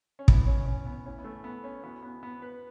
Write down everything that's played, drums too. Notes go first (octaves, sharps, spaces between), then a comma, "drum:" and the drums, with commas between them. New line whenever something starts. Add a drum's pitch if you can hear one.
C#4
A2 E3 B3, drum: kick
C#4
C#4
B3
A2 E3 C#4
B3
A3
B3
C#4
E2 B2 B3
B3
B3
B4